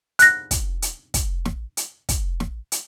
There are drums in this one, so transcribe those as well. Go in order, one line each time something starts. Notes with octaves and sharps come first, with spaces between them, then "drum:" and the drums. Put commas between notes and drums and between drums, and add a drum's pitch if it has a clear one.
F#6 A#6, drum: hi-hat
drum: kick, hi-hat
drum: hi-hat
drum: kick, hi-hat
drum: snare
drum: hi-hat
drum: kick, hi-hat
drum: snare
drum: hi-hat